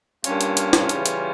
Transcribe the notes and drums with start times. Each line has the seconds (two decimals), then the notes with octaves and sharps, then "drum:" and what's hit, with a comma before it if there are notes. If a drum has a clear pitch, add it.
0.24 G2 G3 A#3 C#4 F4, drum: hi-hat
0.41 drum: hi-hat
0.57 drum: hi-hat
0.73 drum: snare
0.89 C#3 E3 G3, drum: hi-hat
1.06 drum: hi-hat